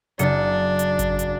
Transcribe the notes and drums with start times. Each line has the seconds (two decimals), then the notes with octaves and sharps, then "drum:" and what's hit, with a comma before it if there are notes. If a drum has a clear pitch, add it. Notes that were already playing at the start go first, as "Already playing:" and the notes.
0.19 F#1 D4 C#7, drum: hi-hat
0.79 drum: hi-hat
0.99 drum: kick G#1, hi-hat
1.19 drum: hi-hat